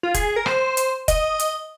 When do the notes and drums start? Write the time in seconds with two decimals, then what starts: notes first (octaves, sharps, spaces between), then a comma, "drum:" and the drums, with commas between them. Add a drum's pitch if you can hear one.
0.03 F4
0.14 G#4, drum: kick F1, hi-hat
0.36 A#4
0.46 C5, drum: rim click
0.77 drum: hi-hat
1.08 D#5, drum: kick F1, hi-hat
1.40 drum: hi-hat